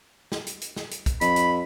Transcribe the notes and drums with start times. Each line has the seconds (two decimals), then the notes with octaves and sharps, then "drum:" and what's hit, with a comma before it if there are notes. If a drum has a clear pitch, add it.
0.32 drum: snare
0.47 drum: hi-hat
0.62 drum: hi-hat
0.76 drum: snare
0.91 drum: hi-hat
1.06 drum: kick, hi-hat
1.21 F2 B5, drum: hi-hat
1.36 drum: hi-hat